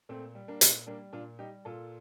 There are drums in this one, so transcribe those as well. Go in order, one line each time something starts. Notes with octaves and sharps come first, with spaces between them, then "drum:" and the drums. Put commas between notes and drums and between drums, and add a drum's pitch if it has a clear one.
A#2 A3 C4
G3
A#3 D4
A#2, drum: hi-hat
G3 A#3 D4
A#2 D4 F4
G3 D#4 G4
A#2 F4 A4